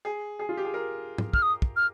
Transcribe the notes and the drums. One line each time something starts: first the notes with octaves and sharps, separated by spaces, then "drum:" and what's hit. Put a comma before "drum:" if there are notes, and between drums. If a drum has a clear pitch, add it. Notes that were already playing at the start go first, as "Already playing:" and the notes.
G#4
G#4
F4
G4
G#4
A#4
drum: tom G#2
F6, drum: kick
D#6
drum: kick
F6